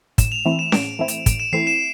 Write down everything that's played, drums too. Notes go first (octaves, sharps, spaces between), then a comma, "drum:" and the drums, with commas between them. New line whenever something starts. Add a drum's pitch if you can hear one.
A2 E7, drum: kick, hi-hat
F7
E3 A3 C4 E4 F7
E7
A2 D7, drum: snare C#4
E3 A3 C4 E4
drum: hi-hat
A2 D7, drum: kick, hi-hat
E7
E3 A3 C4 E4 C7
E7